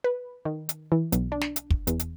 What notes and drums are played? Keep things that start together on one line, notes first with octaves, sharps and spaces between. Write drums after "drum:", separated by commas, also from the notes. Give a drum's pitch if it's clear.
B4
D#3
drum: hi-hat
E3
B1, drum: hi-hat
D4
drum: snare
drum: hi-hat
drum: kick
E2, drum: hi-hat
drum: hi-hat